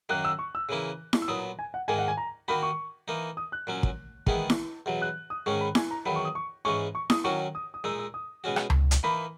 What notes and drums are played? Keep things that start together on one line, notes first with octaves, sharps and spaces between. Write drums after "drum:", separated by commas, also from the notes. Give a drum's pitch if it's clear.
F#2 D#3 A#3 F#6
E6
C#6
E6
C#3 E3 A#3 E4
drum: snare E4
E6
A#2 F#3 B3 D#6
G#5
F#5
G#2 D#3 A#3 G#5
F#5
G#5
A#5
D#3 A#3 D#4 F#4 B5
C#6
E3 A#3 D#4
D#6
F#6
A#2 F#3 C#4
drum: kick
E2 D#3 G#3 B3 E4, drum: kick
drum: snare E4
E2 B2 F#3
F#6
D#6
G#2 D#3 G#3 C#4 C#6
B5
G#5, drum: snare E4
A#5
E2 D#3 F#3 B5
C#6
D#6
C#6
G#2 E3 G#3 C#4 C#6
C#6
D#6, drum: snare E4
D#3 F#3 C#4 F#4 C#6
D#6
D#6
A#2 G#3 D#4 E6
E6
D#6
B2 G#3 C#4 F#4
drum: rim click
drum: tom C#2
drum: hi-hat
E3 A#3 D#4 B5